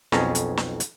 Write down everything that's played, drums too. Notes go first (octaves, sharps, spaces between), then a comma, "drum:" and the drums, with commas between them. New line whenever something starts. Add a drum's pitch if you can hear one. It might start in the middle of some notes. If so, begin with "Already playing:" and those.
B1 F2 C#4 G#4 A5 A#5, drum: snare
drum: hi-hat
drum: snare
drum: hi-hat